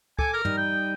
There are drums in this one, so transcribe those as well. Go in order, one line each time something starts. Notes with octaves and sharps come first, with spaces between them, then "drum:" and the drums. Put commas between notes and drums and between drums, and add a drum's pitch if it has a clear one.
A4 G#5 D6, drum: kick
A#4
G3 D#4, drum: tom G2
G5